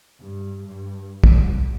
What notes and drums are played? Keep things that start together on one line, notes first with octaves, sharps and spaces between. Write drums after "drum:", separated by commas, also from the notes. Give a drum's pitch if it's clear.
G2
G2
C2, drum: kick